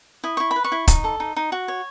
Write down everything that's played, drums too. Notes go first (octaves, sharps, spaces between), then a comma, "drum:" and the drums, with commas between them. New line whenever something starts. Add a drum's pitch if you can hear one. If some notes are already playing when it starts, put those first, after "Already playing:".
E4 D#6
E4 C#6
B5
B4
C#6
E4
D#4, drum: kick, hi-hat
A4
D#4
D#4
F#4
C#5